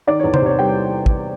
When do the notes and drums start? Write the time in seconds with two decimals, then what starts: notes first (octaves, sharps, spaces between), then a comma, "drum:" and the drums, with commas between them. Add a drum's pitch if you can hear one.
0.07 D#3 D5
0.20 E2 C#5
0.34 C5, drum: tom C#3
0.41 C3 C#5
0.59 G3 G5
1.06 drum: kick